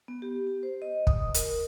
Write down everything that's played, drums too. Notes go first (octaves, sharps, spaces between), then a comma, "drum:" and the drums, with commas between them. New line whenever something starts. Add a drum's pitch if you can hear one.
B3
G4
G4
C5
D#5
D#6, drum: kick
A#4, drum: hi-hat